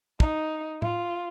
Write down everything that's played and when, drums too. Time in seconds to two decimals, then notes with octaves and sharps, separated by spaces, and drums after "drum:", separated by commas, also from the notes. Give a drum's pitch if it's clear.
0.20 D#4, drum: kick
0.82 F4, drum: tom